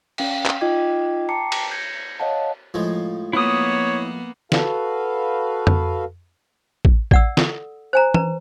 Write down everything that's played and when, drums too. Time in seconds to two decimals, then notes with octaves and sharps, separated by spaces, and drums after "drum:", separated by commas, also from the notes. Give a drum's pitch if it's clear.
0.18 C#4 F5 G5, drum: cymbal
0.46 drum: clap
0.61 D#4 F4 D#5 G5 D6 G#6
1.29 G5 A5 A#5 D6 C7 C#7
1.52 drum: cymbal
1.71 G6 G#6 A#6 C#7
2.20 C#5 D#5 F5 F#5 A5
2.74 A2 F3 G#3
3.33 A#3 B3 E4 C#5 D#6
4.52 F#4 A4 B4 F5, drum: snare
5.67 drum: tom F2
6.85 drum: kick
7.11 D5 F#5 E6, drum: kick
7.37 A4, drum: snare
7.93 C5 G#5 A#5
8.14 B4 A#5, drum: tom E3